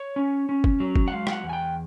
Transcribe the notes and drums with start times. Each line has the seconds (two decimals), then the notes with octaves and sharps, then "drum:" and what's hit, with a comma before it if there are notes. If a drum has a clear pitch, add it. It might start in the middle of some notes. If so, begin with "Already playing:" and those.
Already playing: C#5
0.16 C#4
0.49 C#4
0.64 drum: kick
0.80 F#3
0.96 drum: kick
1.08 F#5
1.12 G#3 F5
1.27 G5, drum: rim click
1.32 F#5
1.43 E2
1.49 G#5
1.53 G5